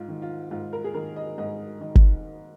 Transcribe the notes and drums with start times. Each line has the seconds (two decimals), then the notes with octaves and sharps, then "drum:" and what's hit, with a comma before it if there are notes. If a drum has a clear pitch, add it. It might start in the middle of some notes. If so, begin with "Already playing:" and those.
Already playing: G#2 F4
0.08 D#3
0.22 F4
0.51 G#2 F4
0.73 A#4
0.84 G#4
0.94 D#3 A#4
1.16 D#5
1.38 G#2 D#5
1.81 D#3 D#5
1.95 drum: kick G1